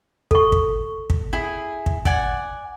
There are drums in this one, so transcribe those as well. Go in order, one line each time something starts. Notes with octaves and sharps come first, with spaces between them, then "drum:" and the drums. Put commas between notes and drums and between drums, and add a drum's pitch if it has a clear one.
A4 C#6, drum: kick
drum: kick
drum: kick
E4 G#4
drum: kick
D5 F#5 G#5, drum: kick